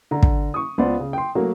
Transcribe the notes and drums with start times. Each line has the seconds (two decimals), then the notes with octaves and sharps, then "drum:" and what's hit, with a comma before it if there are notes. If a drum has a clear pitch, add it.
0.11 D3 A#5
0.23 drum: kick
0.54 C#6 D#6
0.78 C#2 B3 F4 C5 D5 C6
1.00 C#3
1.13 G5 C6
1.35 F#3 A3 A#3 F#4 A#4 C#5